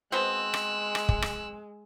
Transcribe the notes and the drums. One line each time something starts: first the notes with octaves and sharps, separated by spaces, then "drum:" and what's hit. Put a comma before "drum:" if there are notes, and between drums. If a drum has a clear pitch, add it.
B2 G#3 B3 C4 E6 F#6
drum: rim click
drum: rim click
drum: kick
drum: rim click